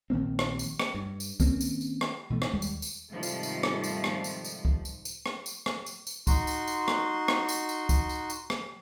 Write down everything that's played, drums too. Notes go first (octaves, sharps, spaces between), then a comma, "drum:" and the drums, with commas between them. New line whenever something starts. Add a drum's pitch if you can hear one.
A#1 D#3 A#3 C4
drum: rim click
drum: tambourine
drum: rim click
G2
drum: tambourine
D#3 A#3 C4 C#4, drum: kick C#2, tambourine
drum: tambourine
drum: tambourine
drum: rim click
B2 E3 A3
drum: rim click
D#2 G3 G#3
drum: tambourine
drum: tambourine
G#2 C3 D#3 F3 G3 A3
drum: tambourine
drum: tambourine
drum: rim click
drum: tambourine
drum: rim click
drum: tambourine
drum: tambourine
drum: kick C#2
drum: tambourine
drum: tambourine
drum: rim click
drum: tambourine
drum: rim click
drum: tambourine
drum: tambourine
D#4 F#4 C6, drum: kick C#2, tambourine
drum: tambourine
drum: tambourine
drum: rim click
drum: rim click
drum: tambourine
drum: tambourine
drum: kick C#2, tambourine
drum: tambourine
drum: tambourine
drum: rim click